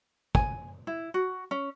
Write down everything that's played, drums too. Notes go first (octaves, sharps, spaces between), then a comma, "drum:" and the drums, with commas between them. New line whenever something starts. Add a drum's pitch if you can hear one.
G#5, drum: kick
E4
F#4
C#4